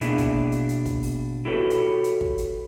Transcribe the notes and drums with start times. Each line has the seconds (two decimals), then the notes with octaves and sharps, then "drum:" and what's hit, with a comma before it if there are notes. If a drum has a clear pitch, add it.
0.01 B2 A#3 D4 E4 G#4 E5, drum: hi-hat
0.18 drum: kick, hi-hat
0.52 drum: hi-hat
0.69 drum: hi-hat
0.86 drum: kick, hi-hat
1.02 drum: open hi-hat
1.45 E4 F#4 G4 A4 B4 C#5
1.70 drum: hi-hat
2.04 drum: hi-hat
2.21 drum: kick
2.38 drum: hi-hat